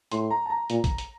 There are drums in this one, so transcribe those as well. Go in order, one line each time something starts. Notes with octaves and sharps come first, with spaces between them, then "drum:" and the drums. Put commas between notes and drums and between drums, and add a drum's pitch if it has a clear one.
A2 C6, drum: hi-hat
A#5
A5
A#5
A#2, drum: hi-hat
drum: kick, hi-hat
drum: hi-hat